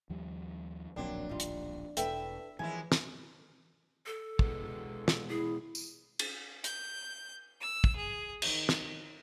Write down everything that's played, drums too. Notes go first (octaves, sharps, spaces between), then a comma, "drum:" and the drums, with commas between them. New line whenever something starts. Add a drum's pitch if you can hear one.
D#2 F3 G3
D1 A#1 F#3 A#3 C4 D4
G3 D#4 F4
drum: hi-hat
E1 A4 B4 E5 G5, drum: hi-hat
D#2 E3 F3 G#3 E4 G#5
drum: snare
A4
B2 G#3 B3, drum: kick
drum: snare
E4 G#4
drum: tambourine
drum: cymbal
G6, drum: hi-hat
E6
drum: kick
G#4
D#3, drum: cymbal
drum: snare